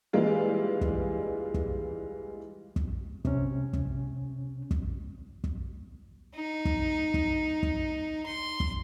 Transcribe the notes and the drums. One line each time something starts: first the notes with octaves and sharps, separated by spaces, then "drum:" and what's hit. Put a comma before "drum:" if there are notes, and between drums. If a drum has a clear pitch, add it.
A#1 E3 G3 G#3 F4
drum: kick
drum: kick
drum: kick
C3 C#4, drum: kick
drum: kick
drum: kick
drum: kick
D#4
drum: kick
drum: kick
drum: kick
C6
drum: kick